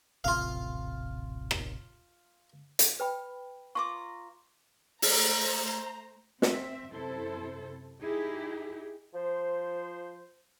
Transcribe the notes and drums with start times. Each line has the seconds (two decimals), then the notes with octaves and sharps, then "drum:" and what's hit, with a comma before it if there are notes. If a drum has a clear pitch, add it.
0.24 D#1 A1 C3 F4 F5
1.51 drum: rim click
2.79 drum: hi-hat
3.00 B4 G5 B5
3.75 F4 A#5 C#6 D6
5.02 A3 C5 A#5, drum: open hi-hat
6.42 C4 E5, drum: snare
6.93 F#2 C3 E4 A4 C5
8.02 D#4 E4 G4 G#4
9.14 F3 C5